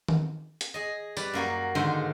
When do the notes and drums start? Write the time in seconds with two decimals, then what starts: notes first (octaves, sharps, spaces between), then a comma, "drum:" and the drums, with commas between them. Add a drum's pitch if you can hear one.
0.08 drum: tom D#3
0.61 drum: hi-hat
0.74 G#4 D#5
1.17 G3 B4 D5, drum: tambourine
1.33 F#2 A#3 F#4
1.75 G#2 D3 D#3 C5 C6